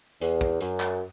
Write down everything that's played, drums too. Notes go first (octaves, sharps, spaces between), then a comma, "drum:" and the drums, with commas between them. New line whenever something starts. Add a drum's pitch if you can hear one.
E2, drum: hi-hat
drum: kick
F#2, drum: hi-hat
drum: clap